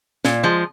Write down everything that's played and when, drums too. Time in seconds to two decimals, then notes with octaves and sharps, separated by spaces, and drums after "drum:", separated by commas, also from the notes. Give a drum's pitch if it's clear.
0.25 A#2, drum: snare
0.44 F3 G#3